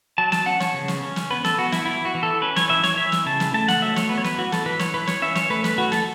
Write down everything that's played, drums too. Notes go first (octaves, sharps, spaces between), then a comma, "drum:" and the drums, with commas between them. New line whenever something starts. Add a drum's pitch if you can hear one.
F#3 A5
A5, drum: snare
C#4 F#5
C#5, drum: snare
C#3
drum: snare
C#4
drum: snare
B3 B4
A4, drum: snare
B3 F#4
E4, drum: snare
E3 E4
F#4
E3
A4
C#4 B4
C#5, drum: snare
E3 E5
C#5, drum: snare
E3 E5
drum: snare
C#3 A5
drum: snare
A3 A5
F#5, drum: snare
F#3 E5
C#5, drum: snare
B3 B4
C#5
B4, drum: snare
E3 F#4
A4, drum: snare
E3 B4
C#5, drum: snare
E3 B4
C#5, drum: snare
C#4 E5
C#5, drum: snare
A3 B4
B4, drum: snare
E3 F#4
A4, drum: snare